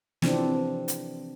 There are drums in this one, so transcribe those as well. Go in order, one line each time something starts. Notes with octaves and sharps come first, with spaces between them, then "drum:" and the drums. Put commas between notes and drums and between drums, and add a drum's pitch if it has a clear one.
C3 E3 F3 C4 D4, drum: snare
drum: hi-hat